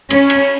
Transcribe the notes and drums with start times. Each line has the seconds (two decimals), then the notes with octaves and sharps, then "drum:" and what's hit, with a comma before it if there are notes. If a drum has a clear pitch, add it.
0.10 C#4, drum: cymbal
0.30 drum: cymbal